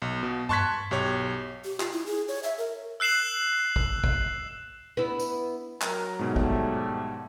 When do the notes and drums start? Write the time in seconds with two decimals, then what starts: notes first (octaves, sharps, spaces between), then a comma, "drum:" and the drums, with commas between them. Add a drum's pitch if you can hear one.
0.02 B1
0.23 B2
0.49 A5 C6 C#6 F#6 G#6 B6, drum: tom G2
0.91 B1 G4 C#5
1.65 G4
1.80 F4, drum: clap
1.92 E4
2.06 G#4
2.28 C#5
2.43 E5
2.58 A#4
3.00 E6 F#6 C7 E7 F#7
3.76 drum: kick G#1
4.04 drum: kick G#1
4.97 B3 E4
5.19 drum: tambourine
5.81 F#3 A#4, drum: clap
6.19 G#2 B2 F3 G3 A3
6.36 drum: kick G#1